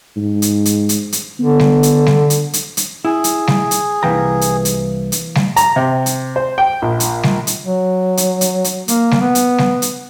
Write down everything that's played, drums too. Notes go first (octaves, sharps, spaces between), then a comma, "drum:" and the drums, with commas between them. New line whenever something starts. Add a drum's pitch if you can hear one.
G#2
drum: hi-hat
drum: hi-hat
drum: hi-hat
drum: hi-hat
D3 B3
drum: snare G3
drum: hi-hat
drum: snare G3
drum: hi-hat
drum: hi-hat
drum: hi-hat
E4 G#4 G#5
drum: hi-hat
drum: snare G3
drum: hi-hat
C2 E3 A#3 E4 G5 A#5
drum: hi-hat
drum: hi-hat
drum: hi-hat
drum: snare G3
A#5, drum: hi-hat
C3
drum: hi-hat
C5
G5
A#1
drum: hi-hat
drum: snare G3
drum: hi-hat
F#3
drum: hi-hat
drum: hi-hat
drum: hi-hat
A#3, drum: hi-hat
drum: snare G3
B3
drum: hi-hat
drum: snare G3
drum: hi-hat